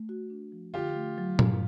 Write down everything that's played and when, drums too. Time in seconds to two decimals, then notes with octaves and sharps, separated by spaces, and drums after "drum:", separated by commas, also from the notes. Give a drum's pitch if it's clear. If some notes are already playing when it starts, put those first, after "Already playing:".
Already playing: A3
0.09 F#4
0.30 D4
0.52 F3
0.74 D3 F4 G4
0.96 A3
1.18 F#3
1.39 G2, drum: tom